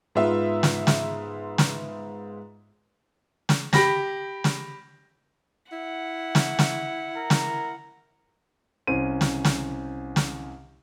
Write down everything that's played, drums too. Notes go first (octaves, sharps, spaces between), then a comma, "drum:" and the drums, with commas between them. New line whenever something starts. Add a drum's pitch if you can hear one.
G#2 B3 F4 E5
drum: snare
drum: snare
drum: snare
drum: snare
G4 B5 A#6, drum: snare
drum: snare
E4 F#5
drum: snare
drum: snare
A#4
drum: snare
C2 C#4 C5 D#7
drum: snare
drum: snare
drum: snare